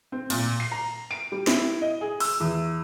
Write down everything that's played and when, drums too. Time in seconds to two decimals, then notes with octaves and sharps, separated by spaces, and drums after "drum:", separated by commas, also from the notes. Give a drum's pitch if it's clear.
0.12 C4
0.30 A#2, drum: cymbal
0.60 C7
0.72 A#5
1.11 D7
1.32 G3
1.47 E4, drum: snare
1.82 D#5
2.01 G#4
2.20 E6, drum: open hi-hat
2.40 E2